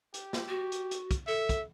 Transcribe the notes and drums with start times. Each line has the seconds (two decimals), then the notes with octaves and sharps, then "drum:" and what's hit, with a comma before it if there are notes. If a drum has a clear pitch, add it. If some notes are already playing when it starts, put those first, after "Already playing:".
0.14 G4, drum: hi-hat
0.33 drum: snare
0.48 F#4
0.72 drum: hi-hat
0.91 drum: hi-hat
1.11 drum: kick, hi-hat
1.27 A4 E5
1.49 drum: kick, hi-hat